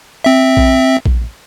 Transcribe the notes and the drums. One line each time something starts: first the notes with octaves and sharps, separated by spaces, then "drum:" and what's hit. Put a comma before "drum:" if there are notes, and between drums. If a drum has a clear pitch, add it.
C4 E5
drum: kick A#1
drum: kick A#1